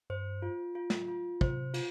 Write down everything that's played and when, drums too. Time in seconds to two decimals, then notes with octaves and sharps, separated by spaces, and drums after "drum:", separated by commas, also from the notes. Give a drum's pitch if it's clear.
0.10 G2 C5
0.42 F4
0.75 F4
0.90 drum: snare
1.08 F4
1.41 C3 C5, drum: kick
1.74 F4, drum: cymbal